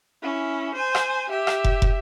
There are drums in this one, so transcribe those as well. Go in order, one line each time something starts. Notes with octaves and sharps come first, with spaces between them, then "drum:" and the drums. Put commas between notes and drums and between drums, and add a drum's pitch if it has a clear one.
C#4 E4
C5 G#5
drum: rim click
G4 E5
drum: rim click
drum: kick
drum: kick